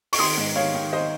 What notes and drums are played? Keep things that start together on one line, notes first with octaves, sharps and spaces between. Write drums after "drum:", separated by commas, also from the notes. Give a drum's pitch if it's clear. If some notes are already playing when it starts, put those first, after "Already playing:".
C#6, drum: open hi-hat
D#3 C6 D#6
G#2
D#3 C#5 F5
D#3
C5 D#5